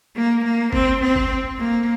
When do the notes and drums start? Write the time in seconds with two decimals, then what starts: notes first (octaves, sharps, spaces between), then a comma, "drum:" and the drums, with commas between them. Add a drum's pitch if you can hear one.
0.16 A#3
0.44 A#3
0.73 C4, drum: kick
1.01 C4
1.16 drum: kick
1.59 A#3